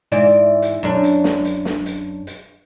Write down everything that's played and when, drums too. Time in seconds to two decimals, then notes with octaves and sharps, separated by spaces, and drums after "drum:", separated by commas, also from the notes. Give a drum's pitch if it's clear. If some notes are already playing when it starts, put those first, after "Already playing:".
0.12 G#2 E3 D5
0.62 drum: hi-hat
0.83 F#2 D4
1.04 drum: hi-hat
1.24 drum: snare
1.45 drum: hi-hat
1.65 drum: snare
1.86 drum: hi-hat
2.27 drum: hi-hat